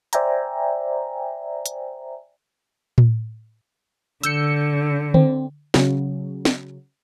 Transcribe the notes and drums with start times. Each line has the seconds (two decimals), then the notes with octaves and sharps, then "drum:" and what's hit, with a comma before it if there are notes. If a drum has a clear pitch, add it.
0.13 C5 D5 E5 G5 G#5 A#5, drum: hi-hat
1.66 drum: hi-hat
2.98 drum: tom A2
4.23 D3 E6 G6 C#7, drum: hi-hat
5.14 C4, drum: tom D3
5.74 C#3 F#3, drum: snare
6.45 drum: snare